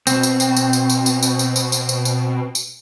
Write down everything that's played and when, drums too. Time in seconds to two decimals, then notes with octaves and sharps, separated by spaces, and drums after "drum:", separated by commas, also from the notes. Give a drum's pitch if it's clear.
0.07 B2 C4, drum: tambourine
0.23 drum: tambourine
0.40 drum: tambourine
0.56 drum: tambourine
0.73 drum: tambourine
0.90 drum: tambourine
1.06 drum: tambourine
1.23 drum: tambourine
1.39 drum: tambourine
1.56 drum: tambourine
1.72 drum: tambourine
1.89 drum: tambourine
2.05 drum: tambourine
2.55 drum: tambourine